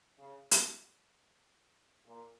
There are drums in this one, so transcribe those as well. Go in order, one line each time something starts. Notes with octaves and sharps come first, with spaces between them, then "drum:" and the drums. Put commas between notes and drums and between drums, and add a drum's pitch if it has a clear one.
C#3
drum: hi-hat
A#2